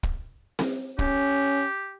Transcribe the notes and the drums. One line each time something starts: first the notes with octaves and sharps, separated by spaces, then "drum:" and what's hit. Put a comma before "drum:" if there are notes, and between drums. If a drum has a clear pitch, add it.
drum: kick
drum: snare C4
C#4 G4, drum: kick